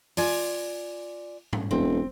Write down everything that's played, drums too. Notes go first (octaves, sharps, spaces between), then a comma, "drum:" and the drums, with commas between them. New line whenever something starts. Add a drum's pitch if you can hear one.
F4 D5 G#5, drum: open hi-hat
drum: tom G#2
E1 C4